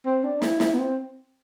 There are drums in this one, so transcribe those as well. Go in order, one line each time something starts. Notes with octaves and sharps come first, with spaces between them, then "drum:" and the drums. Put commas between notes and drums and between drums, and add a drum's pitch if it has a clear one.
C4
D4
E4, drum: snare
E4, drum: snare
B3
C4